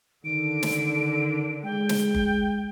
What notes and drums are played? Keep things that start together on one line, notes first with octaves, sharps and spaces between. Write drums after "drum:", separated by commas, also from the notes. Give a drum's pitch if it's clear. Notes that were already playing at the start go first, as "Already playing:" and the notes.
D3 D#3 D7
drum: snare
G#3 G5
drum: snare
drum: kick F#1